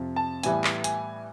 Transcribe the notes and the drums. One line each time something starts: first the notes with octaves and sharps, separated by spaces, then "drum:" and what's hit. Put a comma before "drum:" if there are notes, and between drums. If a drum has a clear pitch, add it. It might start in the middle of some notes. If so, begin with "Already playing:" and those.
Already playing: F2 C3 F3
A5
A2 E3 G3 B3 E4 G#5, drum: hi-hat
drum: clap
G#5, drum: hi-hat